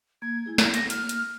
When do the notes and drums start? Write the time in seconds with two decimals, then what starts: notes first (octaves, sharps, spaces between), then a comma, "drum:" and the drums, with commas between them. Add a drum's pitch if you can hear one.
0.22 A#3 G#6
0.46 G#3 E4 G#4
0.58 A#3 A#5, drum: snare
0.74 A#6, drum: hi-hat
0.90 F6, drum: hi-hat
1.09 drum: hi-hat